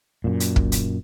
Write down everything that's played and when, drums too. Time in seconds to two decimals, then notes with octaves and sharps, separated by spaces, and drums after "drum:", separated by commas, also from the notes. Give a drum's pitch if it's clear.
0.24 F#2 A#2
0.40 drum: hi-hat
0.56 drum: kick
0.72 drum: hi-hat